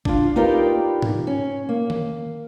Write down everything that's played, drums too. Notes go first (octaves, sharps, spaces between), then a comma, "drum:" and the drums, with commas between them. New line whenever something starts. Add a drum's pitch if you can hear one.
D4 F4, drum: kick A1
D#4 F4 G4 A#4 B4 D5
drum: tom G#2
C#4
A#3
drum: tom D#3